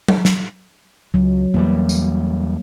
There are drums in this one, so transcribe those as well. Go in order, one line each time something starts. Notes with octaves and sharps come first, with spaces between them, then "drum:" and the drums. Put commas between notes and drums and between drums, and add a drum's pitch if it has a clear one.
drum: tom F#3
drum: snare
C#2 F#3
E2 E3 G3 A#3
drum: tambourine